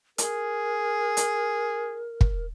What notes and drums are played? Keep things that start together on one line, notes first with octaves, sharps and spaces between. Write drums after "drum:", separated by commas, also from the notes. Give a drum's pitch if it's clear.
G#4 A#4, drum: hi-hat
drum: hi-hat
drum: kick